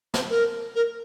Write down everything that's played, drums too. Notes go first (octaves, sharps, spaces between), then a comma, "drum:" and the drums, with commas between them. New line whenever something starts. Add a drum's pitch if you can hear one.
C5, drum: snare
A#4
A#4